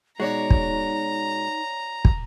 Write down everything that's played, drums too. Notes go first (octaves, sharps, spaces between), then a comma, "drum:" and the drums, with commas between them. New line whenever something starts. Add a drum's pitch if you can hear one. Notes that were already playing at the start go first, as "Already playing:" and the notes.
B2 G#3 D#4 F#4 C#5 D5 A#5
drum: kick
drum: kick